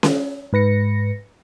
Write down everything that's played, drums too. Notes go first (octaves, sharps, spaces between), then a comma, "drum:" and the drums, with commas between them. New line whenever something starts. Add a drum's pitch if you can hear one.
drum: snare C#4
G#2 B4 A#6 C#7